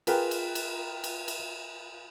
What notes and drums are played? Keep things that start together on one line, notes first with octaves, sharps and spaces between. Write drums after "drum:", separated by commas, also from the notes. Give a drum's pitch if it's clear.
F4 G#4 A#4 B4 G5, drum: cymbal
drum: cymbal
drum: cymbal
drum: cymbal
drum: cymbal